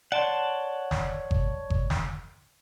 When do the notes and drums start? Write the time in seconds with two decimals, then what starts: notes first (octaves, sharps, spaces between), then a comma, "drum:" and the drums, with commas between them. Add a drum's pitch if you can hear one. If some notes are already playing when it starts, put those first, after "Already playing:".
0.12 C#5 D5 F#5 A5 C6
0.91 drum: snare
1.31 drum: kick G1
1.70 drum: kick G1
1.90 drum: snare